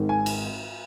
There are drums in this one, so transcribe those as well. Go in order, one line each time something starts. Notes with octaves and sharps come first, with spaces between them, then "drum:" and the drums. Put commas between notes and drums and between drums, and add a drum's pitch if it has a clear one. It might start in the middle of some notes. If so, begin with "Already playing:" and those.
Already playing: G#1 G#2 D#3
G#5
drum: cymbal